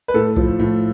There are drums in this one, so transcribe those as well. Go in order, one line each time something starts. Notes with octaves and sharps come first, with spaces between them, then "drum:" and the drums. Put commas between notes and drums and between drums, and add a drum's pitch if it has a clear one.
B4
A2 A4
F3, drum: kick
A2